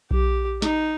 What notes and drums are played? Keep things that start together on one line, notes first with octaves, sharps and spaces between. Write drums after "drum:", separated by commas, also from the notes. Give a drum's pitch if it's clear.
G4, drum: kick B1
D#4, drum: snare